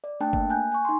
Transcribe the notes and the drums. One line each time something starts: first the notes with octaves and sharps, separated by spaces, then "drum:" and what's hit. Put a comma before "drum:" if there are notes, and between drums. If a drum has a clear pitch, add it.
D5
A3 D4 G5 A5 F#6
A#3, drum: kick G1
G#5 F#6 G6
G#5 C#6
D#4 C6